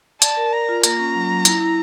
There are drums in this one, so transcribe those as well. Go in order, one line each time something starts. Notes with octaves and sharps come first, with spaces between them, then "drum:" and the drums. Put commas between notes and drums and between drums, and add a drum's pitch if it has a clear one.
D5 A5, drum: hi-hat
A#4
D5 A#5
F4
A#3 A#5, drum: hi-hat
C#4
F#3
F#3
E4, drum: hi-hat
E4